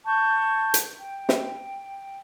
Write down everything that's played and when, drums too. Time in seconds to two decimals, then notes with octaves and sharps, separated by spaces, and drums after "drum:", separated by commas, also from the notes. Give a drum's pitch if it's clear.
0.05 A5 C#6 G6
0.74 drum: hi-hat
0.99 G5
1.29 drum: snare